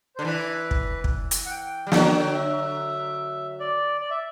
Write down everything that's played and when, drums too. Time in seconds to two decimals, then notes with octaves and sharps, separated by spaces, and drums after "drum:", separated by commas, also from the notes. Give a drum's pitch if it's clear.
0.16 D3 C5
0.25 E3 B4
0.71 drum: kick
1.04 drum: kick
1.31 drum: hi-hat
1.46 F#5
1.50 G5
1.87 G3
1.92 D3 F#3 G5, drum: snare
2.34 E5
3.60 D5
4.01 D5
4.11 E5